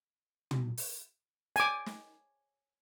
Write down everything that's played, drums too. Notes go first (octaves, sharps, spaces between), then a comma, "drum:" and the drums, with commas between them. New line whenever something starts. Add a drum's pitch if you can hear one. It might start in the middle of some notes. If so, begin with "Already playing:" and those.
drum: tom
drum: open hi-hat
G#5 D6, drum: hi-hat
drum: snare